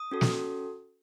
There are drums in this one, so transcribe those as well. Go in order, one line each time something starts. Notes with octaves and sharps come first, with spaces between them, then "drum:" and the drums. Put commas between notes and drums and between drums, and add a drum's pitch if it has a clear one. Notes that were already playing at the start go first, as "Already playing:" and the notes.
Already playing: D#6
C#4 F#4 A4
drum: snare